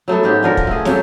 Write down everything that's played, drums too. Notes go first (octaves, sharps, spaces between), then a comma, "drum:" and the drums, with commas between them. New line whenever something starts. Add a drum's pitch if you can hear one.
F#3 A3 B3 A4
G#2 G#3 C#4 G4
D3 F3 A#4
drum: kick
A3 G#4
C#3 F#3 G4 A4, drum: snare